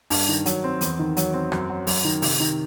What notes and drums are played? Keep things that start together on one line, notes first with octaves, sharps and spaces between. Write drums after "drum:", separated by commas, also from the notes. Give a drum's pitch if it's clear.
G2, drum: open hi-hat
D#3
F#3, drum: hi-hat
C4
E2, drum: hi-hat
D#3
F#3, drum: hi-hat
C4
F#2, drum: rim click
F#3
F#2, drum: open hi-hat
D#3
C3, drum: open hi-hat
D#3